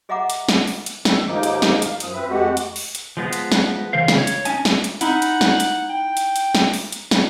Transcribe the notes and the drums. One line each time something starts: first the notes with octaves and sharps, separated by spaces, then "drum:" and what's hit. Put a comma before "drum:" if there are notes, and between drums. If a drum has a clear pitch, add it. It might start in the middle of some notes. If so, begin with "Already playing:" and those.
G#4 D#5 E5 F#5 A#5 D6
drum: hi-hat
drum: snare
drum: open hi-hat
drum: hi-hat
D#3 E6, drum: snare
D#2 G#2 F3 A#3 D#4 D6
drum: hi-hat
drum: snare
F5, drum: hi-hat
F#2 F3 D#6, drum: hi-hat
C4 B4 E5
F2 G#3 A3 F#4 G4 F#5
drum: hi-hat
drum: open hi-hat
drum: hi-hat
F3 G#3 B3
drum: hi-hat
drum: snare
C#3 E3 A#4 C5 F5
drum: snare
C#5
drum: hi-hat
C#4 D#4 G#5 A5, drum: hi-hat
drum: snare
drum: hi-hat
D#4 E4 F#5, drum: hi-hat
drum: hi-hat
drum: snare
drum: hi-hat
G5
drum: hi-hat
drum: hi-hat
drum: snare
drum: open hi-hat
drum: hi-hat
drum: snare